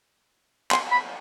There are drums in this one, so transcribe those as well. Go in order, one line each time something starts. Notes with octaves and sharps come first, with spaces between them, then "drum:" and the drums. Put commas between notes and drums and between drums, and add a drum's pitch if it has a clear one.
C6, drum: clap
B5